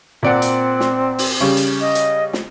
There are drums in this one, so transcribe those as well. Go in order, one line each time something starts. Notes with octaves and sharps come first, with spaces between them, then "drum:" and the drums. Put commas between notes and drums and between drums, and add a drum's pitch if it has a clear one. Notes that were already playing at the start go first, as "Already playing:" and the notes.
A#2 C4 D5 F#5
drum: hi-hat
drum: snare
drum: open hi-hat
C#3 G3
drum: hi-hat
D#5
drum: hi-hat
drum: snare